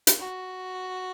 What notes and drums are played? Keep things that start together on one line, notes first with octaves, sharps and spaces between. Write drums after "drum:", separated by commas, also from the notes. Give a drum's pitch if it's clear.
drum: hi-hat
F#4